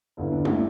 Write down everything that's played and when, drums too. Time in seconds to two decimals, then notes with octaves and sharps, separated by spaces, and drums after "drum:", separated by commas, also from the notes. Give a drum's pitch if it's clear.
0.17 G1 G2 D3 E4
0.31 D4
0.45 E4, drum: tom